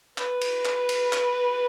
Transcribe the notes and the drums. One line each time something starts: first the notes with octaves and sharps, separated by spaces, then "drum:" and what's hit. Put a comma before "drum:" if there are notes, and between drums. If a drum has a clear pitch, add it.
B4, drum: clap
drum: cymbal
drum: clap
drum: cymbal
drum: clap